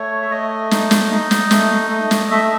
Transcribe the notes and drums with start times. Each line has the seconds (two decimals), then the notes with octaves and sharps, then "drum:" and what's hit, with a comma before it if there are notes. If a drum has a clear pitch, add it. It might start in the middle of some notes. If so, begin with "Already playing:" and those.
Already playing: A3 C#5
0.22 E5
0.30 A3 D#5
0.71 D#4, drum: snare
0.91 drum: snare
1.11 D#4
1.31 drum: snare
1.51 A3, drum: snare
1.90 A3
2.11 drum: snare
2.31 A3 E5